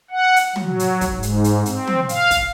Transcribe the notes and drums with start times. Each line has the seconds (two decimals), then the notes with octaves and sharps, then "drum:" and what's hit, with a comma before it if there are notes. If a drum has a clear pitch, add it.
0.11 F#5
0.36 drum: hi-hat
0.56 F#3, drum: tom
0.79 drum: hi-hat
1.01 drum: kick, hi-hat
1.13 G#2
1.23 drum: hi-hat
1.44 drum: hi-hat
1.66 C4, drum: hi-hat
1.87 drum: tom
2.09 F5, drum: hi-hat
2.31 drum: kick, hi-hat